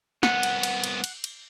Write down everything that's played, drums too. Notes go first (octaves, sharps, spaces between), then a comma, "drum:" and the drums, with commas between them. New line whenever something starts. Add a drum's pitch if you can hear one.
C2 B3 F#5, drum: snare
drum: cymbal
drum: cymbal
drum: cymbal
drum: cymbal
drum: cymbal